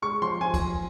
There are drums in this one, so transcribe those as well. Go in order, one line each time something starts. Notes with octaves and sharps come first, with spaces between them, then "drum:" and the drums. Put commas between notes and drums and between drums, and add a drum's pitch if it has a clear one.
G#3 C#6
F3 C6
F3 G#5
drum: kick C2, cymbal